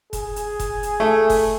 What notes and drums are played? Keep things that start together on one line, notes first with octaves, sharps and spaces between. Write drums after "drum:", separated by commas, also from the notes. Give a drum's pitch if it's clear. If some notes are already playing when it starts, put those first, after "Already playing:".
G#4, drum: kick F1, hi-hat
drum: hi-hat
drum: kick F1, hi-hat
drum: hi-hat
A3
drum: kick F1, open hi-hat